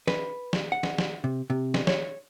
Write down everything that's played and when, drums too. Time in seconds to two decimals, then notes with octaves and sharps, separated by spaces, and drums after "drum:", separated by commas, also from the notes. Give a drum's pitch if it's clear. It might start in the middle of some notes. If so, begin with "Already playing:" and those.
0.08 B4, drum: snare
0.53 drum: snare
0.72 F#5
0.83 drum: snare
0.98 drum: snare
1.24 C3
1.50 C3
1.74 drum: snare
1.87 C#5, drum: snare